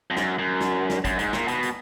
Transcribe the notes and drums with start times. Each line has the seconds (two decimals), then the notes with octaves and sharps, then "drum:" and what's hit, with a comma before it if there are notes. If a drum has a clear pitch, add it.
0.11 F2
0.17 F#2, drum: snare
0.39 F#2
0.61 drum: snare
0.90 drum: snare
1.05 F#2, drum: kick, hi-hat
1.19 G#2, drum: hi-hat
1.33 A#2, drum: snare
1.48 B2, drum: hi-hat
1.63 drum: hi-hat